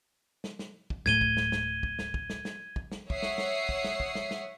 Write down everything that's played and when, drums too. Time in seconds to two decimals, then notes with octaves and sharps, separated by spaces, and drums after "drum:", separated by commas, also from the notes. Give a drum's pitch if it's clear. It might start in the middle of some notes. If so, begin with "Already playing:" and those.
0.44 drum: snare
0.59 drum: snare
0.90 drum: kick
1.06 D1 A2 A3 G#6 D#7 G7, drum: snare
1.21 drum: kick
1.37 drum: snare
1.52 drum: snare
1.83 drum: kick
1.99 drum: snare
2.14 drum: kick
2.30 drum: snare
2.45 drum: snare
2.76 drum: kick
2.92 drum: snare
3.10 C#5 E5 F#5 D#6 C7 C#7, drum: kick
3.22 drum: snare
3.38 drum: snare
3.69 drum: kick
3.84 drum: snare
4.00 drum: kick
4.15 drum: snare
4.31 drum: snare